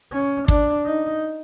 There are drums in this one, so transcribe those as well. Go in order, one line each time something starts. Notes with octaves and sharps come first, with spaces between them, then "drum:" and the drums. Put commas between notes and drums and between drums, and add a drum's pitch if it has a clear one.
C#4
D4, drum: kick
D#4